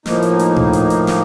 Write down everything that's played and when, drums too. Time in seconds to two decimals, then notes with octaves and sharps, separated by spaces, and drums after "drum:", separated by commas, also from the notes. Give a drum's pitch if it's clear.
0.06 A2 F3 A#3 D#4, drum: snare
0.22 drum: hi-hat
0.39 drum: hi-hat
0.56 drum: tom A2
0.73 drum: hi-hat
0.90 drum: hi-hat
1.07 drum: snare